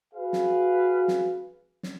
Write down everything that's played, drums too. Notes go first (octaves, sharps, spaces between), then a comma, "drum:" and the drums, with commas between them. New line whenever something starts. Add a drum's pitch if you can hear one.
F#4 G#4 B4 F5
drum: snare
drum: snare
drum: snare